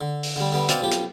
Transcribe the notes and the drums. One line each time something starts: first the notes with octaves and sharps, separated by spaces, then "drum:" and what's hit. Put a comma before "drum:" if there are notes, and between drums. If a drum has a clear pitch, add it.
D3
drum: open hi-hat
D3 G3
D3 G3 B3
B2 C4 D5 F5 F#5, drum: hi-hat
B1 F3 G4
drum: hi-hat